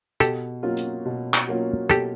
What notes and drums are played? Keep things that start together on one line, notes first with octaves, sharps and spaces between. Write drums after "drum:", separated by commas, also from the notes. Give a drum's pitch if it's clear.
B2 G4 A4, drum: hi-hat
F#3 A#3 C#4 F4
drum: hi-hat
B2
drum: clap
F#3 A#3 C#4 F4
B2 G4 A4, drum: hi-hat